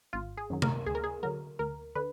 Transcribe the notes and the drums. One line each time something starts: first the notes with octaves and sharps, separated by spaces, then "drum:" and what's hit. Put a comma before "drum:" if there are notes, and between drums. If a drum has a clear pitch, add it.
G#1 F4
G#4
F#2 D#3 F#3
A#4, drum: tom C3
D2 G#4
A#4
G#4
D3 F#3 A#4
D2 A#4
D3 B4